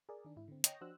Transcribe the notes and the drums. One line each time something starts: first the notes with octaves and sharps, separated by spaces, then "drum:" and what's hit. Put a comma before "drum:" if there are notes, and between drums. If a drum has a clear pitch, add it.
G#4 A#4 D5
D#3 D4
G#2 E4
D3 C4
C#5 D#5 G5 A#6, drum: hi-hat
F3 D4 F#4 C5 E6 F#6